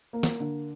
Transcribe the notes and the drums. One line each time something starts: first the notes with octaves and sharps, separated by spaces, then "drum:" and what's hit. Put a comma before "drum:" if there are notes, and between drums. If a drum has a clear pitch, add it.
A#3
drum: snare
D3